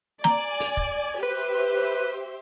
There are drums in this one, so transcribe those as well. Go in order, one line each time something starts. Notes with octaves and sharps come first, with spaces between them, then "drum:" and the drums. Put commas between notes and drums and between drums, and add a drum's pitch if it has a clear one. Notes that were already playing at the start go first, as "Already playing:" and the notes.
D5 G#5 A#5, drum: snare
drum: open hi-hat
drum: kick
G4 B4 C5 E5